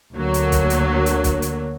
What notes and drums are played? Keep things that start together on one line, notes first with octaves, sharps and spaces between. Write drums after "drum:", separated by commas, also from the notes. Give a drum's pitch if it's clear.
D2 D3 F#3 A#3
drum: hi-hat
drum: kick B1, hi-hat
drum: hi-hat
drum: hi-hat
drum: kick B1, hi-hat
drum: hi-hat